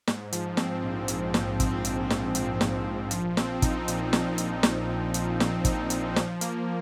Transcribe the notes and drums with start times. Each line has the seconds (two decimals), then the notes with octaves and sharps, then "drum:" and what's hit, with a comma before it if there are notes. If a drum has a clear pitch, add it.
0.07 G#2, drum: snare
0.32 F3, drum: hi-hat
0.57 C4, drum: snare
0.83 A#1
1.08 G#2, drum: hi-hat
1.34 F3, drum: snare
1.60 C4, drum: kick, hi-hat
1.85 A#1, drum: hi-hat
2.10 G#2, drum: snare
2.35 F3, drum: hi-hat
2.61 C4, drum: snare
2.85 A#1
3.11 F3, drum: hi-hat
3.37 C4, drum: snare
3.62 D#4, drum: kick, hi-hat
3.88 A#2, drum: hi-hat
4.13 F3, drum: snare
4.38 C4, drum: hi-hat
4.63 D#4, drum: snare
4.90 A#2
5.14 F3, drum: hi-hat
5.40 C4, drum: snare
5.65 D#4, drum: kick, hi-hat
5.90 A#2, drum: hi-hat
6.16 F3, drum: snare
6.41 A#3, drum: hi-hat